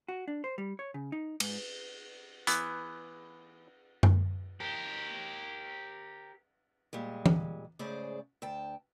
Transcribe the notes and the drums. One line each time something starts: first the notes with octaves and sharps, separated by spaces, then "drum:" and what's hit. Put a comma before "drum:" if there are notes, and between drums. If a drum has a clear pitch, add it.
F#4
D4
C5
G3
C#5
C#3
D#4
G#2, drum: cymbal
E3 B3, drum: hi-hat
drum: tom F#2
G4 A#4
A#2 G3 G#3
drum: tom E3
G#2 C#3 A3 G#4 C5 D5
D2 G5 A5